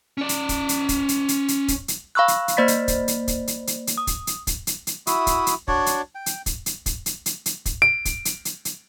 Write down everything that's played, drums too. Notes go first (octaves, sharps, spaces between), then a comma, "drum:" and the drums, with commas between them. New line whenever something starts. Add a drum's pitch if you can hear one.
C#4 D5
drum: hi-hat
drum: kick, hi-hat
drum: hi-hat
drum: kick, hi-hat
drum: hi-hat
drum: hi-hat
drum: hi-hat
drum: kick, hi-hat
drum: hi-hat
F5 B5 C#6 E6 F#6
drum: hi-hat
drum: hi-hat
A#3 C5 D5 B5 A6 B6
drum: hi-hat
drum: kick, hi-hat
drum: hi-hat
drum: kick, hi-hat
drum: hi-hat
drum: hi-hat
drum: hi-hat
D#6
drum: kick, hi-hat
drum: hi-hat
drum: kick, hi-hat
drum: hi-hat
drum: hi-hat
E4 F#4 E5 D#6, drum: hi-hat
drum: kick, hi-hat
drum: hi-hat
D4 F#4 C#5 D5, drum: kick
drum: hi-hat
G5
drum: hi-hat
drum: kick, hi-hat
drum: hi-hat
drum: kick, hi-hat
drum: hi-hat
drum: hi-hat
drum: hi-hat
drum: kick, hi-hat
D7
drum: kick, hi-hat
drum: hi-hat
drum: hi-hat
drum: hi-hat